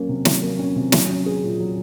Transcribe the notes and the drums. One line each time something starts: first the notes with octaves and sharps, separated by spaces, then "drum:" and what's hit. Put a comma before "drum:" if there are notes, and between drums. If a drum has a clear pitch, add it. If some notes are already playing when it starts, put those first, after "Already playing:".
Already playing: F#3 A#3 C#4
C3
F#3, drum: snare
A#3
C#4
C3
F#3, drum: snare
C#4
G#4
A#2
F#3